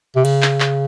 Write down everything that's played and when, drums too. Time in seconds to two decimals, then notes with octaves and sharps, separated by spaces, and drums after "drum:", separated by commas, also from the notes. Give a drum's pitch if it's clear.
0.16 C3
0.25 C#3, drum: cymbal
0.42 drum: clap
0.60 drum: clap